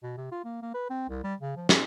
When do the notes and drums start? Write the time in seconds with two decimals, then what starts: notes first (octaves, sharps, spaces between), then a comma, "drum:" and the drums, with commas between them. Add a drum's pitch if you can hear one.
0.03 B2
0.17 C3
0.32 F4
0.45 A#3
0.62 A#3
0.74 B4
0.90 C4
1.09 C2
1.24 G3
1.41 C#3
1.57 F3
1.69 C#4, drum: snare